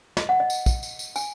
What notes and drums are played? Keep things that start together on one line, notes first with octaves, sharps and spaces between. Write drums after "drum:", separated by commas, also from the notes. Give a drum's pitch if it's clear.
D#5, drum: snare
F#5
D#5
drum: tambourine
drum: kick, tambourine
drum: tambourine
drum: tambourine
G#5, drum: tambourine